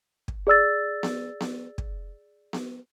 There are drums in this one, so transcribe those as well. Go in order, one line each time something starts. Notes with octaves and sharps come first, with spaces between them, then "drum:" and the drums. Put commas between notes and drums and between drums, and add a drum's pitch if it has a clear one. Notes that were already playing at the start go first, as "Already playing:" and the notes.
drum: kick
G#4 D5 E6 A6
drum: snare B3
drum: snare B3
drum: kick
drum: snare B3